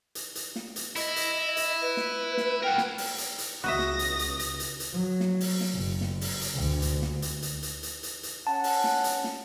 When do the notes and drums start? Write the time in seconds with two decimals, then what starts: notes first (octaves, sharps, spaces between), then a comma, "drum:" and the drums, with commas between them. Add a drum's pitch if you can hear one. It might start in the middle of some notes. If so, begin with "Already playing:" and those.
0.15 drum: hi-hat
0.35 drum: hi-hat
0.56 drum: snare
0.76 drum: hi-hat
0.96 E4 D#5, drum: hi-hat
1.16 drum: hi-hat
1.57 drum: hi-hat
1.81 B4
1.97 drum: snare
2.37 drum: snare
2.63 A#4 F#5 G5
2.78 drum: snare
2.98 drum: open hi-hat
3.18 drum: hi-hat
3.38 drum: hi-hat
3.64 C#2 F#4 D#5 E5 D#6 A#6
3.79 drum: snare
3.99 drum: hi-hat
4.19 drum: hi-hat
4.39 drum: hi-hat
4.60 drum: hi-hat
4.80 drum: hi-hat
4.93 F#3
5.20 drum: snare
5.40 drum: open hi-hat
5.61 drum: snare
5.74 F#1
6.01 drum: snare
6.21 drum: open hi-hat
6.41 drum: hi-hat
6.54 D2
6.82 drum: hi-hat
7.02 drum: snare
7.22 drum: hi-hat
7.42 drum: hi-hat
7.63 drum: hi-hat
7.83 drum: hi-hat
8.03 drum: hi-hat
8.23 drum: hi-hat
8.47 C#4 F#5 A5
8.64 drum: open hi-hat
8.84 drum: snare
9.04 drum: hi-hat
9.24 drum: snare